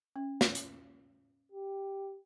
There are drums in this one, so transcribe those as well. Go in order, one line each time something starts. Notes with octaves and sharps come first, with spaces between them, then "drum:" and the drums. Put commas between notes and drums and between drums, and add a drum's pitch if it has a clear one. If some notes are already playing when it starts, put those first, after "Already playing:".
C#4
drum: snare
drum: hi-hat
G4